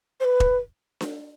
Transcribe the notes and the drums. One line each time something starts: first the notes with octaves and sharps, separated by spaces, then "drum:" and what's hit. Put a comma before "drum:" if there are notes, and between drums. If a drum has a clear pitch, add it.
C5
B4
drum: kick E1
drum: snare D4